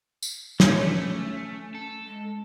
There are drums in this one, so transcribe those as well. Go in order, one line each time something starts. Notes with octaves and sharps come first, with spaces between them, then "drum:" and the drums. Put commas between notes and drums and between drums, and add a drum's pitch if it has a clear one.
drum: tambourine
D3 C#4 C#5, drum: snare
A3 C#4
A4
G#3